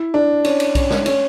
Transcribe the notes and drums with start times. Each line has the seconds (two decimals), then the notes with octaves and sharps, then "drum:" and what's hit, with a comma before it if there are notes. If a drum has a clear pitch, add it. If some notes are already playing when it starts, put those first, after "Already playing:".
Already playing: E4
0.14 D4
0.44 C#4, drum: cymbal
0.60 drum: cymbal
0.75 C#4, drum: kick B1, cymbal
0.90 drum: snare
1.06 C#4, drum: cymbal